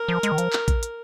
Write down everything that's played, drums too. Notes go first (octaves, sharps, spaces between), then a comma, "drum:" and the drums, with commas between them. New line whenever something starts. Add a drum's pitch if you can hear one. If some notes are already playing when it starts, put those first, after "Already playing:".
Already playing: A#4
F3
G#3, drum: hi-hat
D#3
F3, drum: hi-hat
drum: clap
drum: kick, hi-hat
drum: hi-hat